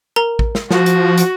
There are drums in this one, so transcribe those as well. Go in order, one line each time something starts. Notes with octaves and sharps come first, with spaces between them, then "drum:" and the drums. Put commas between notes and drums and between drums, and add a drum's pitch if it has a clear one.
A#4 A#5
drum: kick A1
drum: snare
F3 F#4, drum: snare
drum: hi-hat
drum: hi-hat